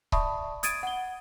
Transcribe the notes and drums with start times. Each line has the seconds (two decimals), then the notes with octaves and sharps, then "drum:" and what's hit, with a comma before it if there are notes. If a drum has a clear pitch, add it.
0.12 D5 E5 A5 B5 C#6 D#6, drum: kick C#1
0.63 D#6 G#6 A6 D7 D#7, drum: hi-hat
0.83 F#5 G7